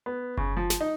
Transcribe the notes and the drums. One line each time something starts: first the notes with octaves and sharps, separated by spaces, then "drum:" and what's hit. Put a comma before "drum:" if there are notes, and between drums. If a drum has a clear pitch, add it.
B3
C#3, drum: kick F#1
F3
drum: snare
D#4